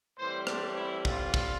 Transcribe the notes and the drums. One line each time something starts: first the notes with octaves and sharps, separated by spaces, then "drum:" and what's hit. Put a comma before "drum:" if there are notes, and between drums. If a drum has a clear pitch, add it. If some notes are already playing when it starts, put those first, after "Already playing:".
A2 E3 G3 C4 C5
D4, drum: rim click
E4
F4, drum: kick
drum: kick